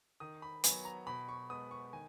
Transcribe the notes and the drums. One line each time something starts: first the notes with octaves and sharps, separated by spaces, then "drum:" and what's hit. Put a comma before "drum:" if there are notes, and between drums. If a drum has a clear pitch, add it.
D#3 D#6
B5
F#3 B3 G#5, drum: hi-hat
A#5
B2 B5
C#6
G#3 B3 D#6
C#6
D#3 G#5